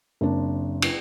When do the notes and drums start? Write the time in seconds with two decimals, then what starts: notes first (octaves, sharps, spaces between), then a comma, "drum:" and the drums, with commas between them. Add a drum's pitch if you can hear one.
0.21 F#1 C4 D4
0.82 drum: cymbal